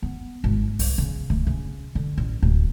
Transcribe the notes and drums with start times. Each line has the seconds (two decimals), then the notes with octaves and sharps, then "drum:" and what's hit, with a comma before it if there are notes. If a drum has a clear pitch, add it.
0.02 B3
0.44 G#1
0.79 C2, drum: open hi-hat
0.98 C#3
1.30 A3, drum: kick C2
1.47 C#3
1.95 D3
2.18 A1
2.42 D1